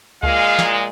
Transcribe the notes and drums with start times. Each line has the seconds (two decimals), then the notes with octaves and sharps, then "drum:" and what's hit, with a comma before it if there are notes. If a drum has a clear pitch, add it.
0.23 A#2 G#3 F5, drum: kick C#2
0.59 drum: snare